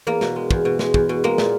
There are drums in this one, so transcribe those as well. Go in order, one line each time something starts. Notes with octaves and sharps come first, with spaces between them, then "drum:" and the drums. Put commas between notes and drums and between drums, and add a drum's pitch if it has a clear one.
E2 A#3
B2, drum: snare
G#3
E2, drum: kick
B2
G#3, drum: snare
E2, drum: kick
B2
G#3 A#3
A#2, drum: snare